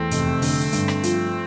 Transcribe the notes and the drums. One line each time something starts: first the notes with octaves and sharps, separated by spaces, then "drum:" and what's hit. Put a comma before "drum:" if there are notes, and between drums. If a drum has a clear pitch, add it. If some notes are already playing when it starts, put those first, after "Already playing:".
Already playing: E2 A3 C4
F1, drum: hi-hat
D3, drum: open hi-hat
G2, drum: hi-hat
drum: rim click
F3, drum: hi-hat